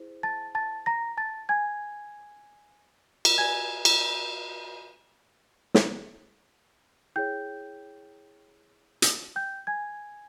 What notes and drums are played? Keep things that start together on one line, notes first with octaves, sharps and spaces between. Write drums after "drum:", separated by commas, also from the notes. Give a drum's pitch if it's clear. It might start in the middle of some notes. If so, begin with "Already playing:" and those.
Already playing: E4 G#4 C5
A5 A6
A5 A6
A#5 A#6
A5 A6
G#5 G#6
drum: cymbal
G4 B4 D5 G#5 G#6
drum: cymbal
drum: snare
E4 G#4 C#5 G5 G6
drum: hi-hat
G5 G6
G#5 G#6